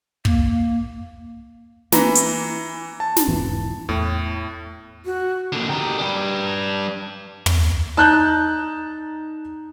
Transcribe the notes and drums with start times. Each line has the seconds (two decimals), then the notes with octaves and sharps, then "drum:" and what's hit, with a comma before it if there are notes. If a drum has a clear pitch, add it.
0.25 A#3, drum: kick
1.92 E3 A#3 A#5 B5, drum: snare
2.15 drum: hi-hat
3.00 A5
3.16 drum: snare
3.28 E1 G#2 E3
3.89 E2 A2
5.05 F#4
5.52 D3 A#3
5.69 G4 A#4
5.98 G3 D4
7.46 drum: tom
7.97 D#4 A5 F#6 G6